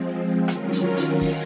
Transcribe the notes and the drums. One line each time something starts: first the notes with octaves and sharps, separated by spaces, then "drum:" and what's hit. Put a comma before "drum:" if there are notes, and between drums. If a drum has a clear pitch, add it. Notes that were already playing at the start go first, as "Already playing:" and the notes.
Already playing: F3 G#3 C4
D#3 F#3 C#4 F4 A#4, drum: rim click
drum: hi-hat
drum: hi-hat
drum: kick, open hi-hat